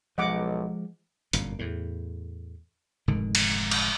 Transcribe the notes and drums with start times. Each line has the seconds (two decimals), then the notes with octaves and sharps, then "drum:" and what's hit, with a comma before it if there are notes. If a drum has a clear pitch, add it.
0.18 B1 F3 G#3 D#5 F#5 D6
1.33 G1 F#2 A#2, drum: hi-hat
1.59 E2 A2
3.08 F1 G#2 D3 D#3
3.35 drum: cymbal
3.71 drum: cymbal